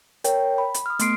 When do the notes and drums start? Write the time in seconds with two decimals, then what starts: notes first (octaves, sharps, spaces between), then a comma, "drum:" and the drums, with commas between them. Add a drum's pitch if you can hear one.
0.24 A#4 C#5 G5, drum: hi-hat
0.58 B5
0.74 drum: hi-hat
0.86 D#6 F6
0.99 A3 B3 C6 C7 D7, drum: hi-hat